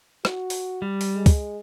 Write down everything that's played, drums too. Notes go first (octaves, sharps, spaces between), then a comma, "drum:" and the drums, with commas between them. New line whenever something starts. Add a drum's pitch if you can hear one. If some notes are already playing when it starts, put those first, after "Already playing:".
F#4, drum: rim click
drum: open hi-hat
G3
drum: open hi-hat
G#3
drum: kick, open hi-hat